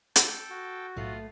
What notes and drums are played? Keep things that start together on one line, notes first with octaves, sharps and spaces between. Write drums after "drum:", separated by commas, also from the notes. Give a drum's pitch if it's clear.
A4 G5, drum: hi-hat
F#4
B1 A2 A3 B3 F4 A4